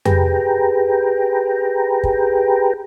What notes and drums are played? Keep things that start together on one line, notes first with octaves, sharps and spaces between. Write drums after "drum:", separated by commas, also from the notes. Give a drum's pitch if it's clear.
G4 G#4 B4 G5 A#5, drum: tom F2
drum: kick